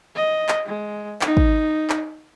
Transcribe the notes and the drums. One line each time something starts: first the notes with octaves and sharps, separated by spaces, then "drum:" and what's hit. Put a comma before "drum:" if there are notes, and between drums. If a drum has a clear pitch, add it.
D#5
drum: clap
G#3
D#4, drum: clap
drum: kick
drum: clap